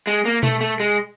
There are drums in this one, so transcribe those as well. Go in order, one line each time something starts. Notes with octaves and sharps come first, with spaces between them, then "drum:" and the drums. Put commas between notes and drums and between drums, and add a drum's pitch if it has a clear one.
G#3
A#3
A3, drum: tom B2
A3
G#3